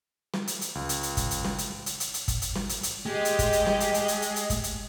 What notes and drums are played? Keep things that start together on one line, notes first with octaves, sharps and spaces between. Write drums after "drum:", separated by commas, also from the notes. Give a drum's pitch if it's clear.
drum: snare
drum: hi-hat
drum: hi-hat
C#2
drum: hi-hat
drum: hi-hat
drum: kick G1, hi-hat
drum: hi-hat
drum: snare
drum: hi-hat
drum: hi-hat
drum: hi-hat
drum: hi-hat
drum: kick G1, hi-hat
drum: hi-hat
drum: snare
drum: hi-hat
drum: hi-hat
G#3 G4 D#5
drum: hi-hat
drum: kick G1, hi-hat
drum: hi-hat
drum: snare
drum: hi-hat
drum: hi-hat
drum: hi-hat
drum: hi-hat
drum: hi-hat
drum: kick G1, hi-hat
drum: hi-hat